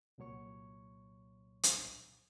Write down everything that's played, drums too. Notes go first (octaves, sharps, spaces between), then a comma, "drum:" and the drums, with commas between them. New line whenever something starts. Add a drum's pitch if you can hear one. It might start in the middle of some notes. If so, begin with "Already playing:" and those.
C2 A#2 F#3 C#5 C#6
drum: hi-hat